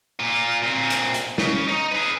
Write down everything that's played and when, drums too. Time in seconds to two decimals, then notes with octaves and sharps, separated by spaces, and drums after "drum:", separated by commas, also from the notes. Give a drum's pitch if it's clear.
0.19 A#2 F4
0.62 A#2 C4
0.90 drum: hi-hat
1.14 drum: hi-hat
1.38 C#3, drum: snare
1.68 D#4
1.92 G#4 B4